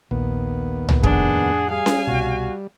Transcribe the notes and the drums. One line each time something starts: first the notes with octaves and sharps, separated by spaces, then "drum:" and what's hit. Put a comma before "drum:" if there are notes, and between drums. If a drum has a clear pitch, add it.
A#1 D#2 B3
drum: tom C2
F2 A2 D4 G#4 F#5, drum: kick
G3 G#4 F5 G#5
drum: snare C#4
C2 B2 F#4